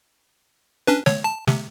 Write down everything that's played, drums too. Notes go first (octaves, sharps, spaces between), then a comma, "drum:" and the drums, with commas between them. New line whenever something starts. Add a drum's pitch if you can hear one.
C#4 D4 B4
C#5, drum: snare
A5
C3, drum: snare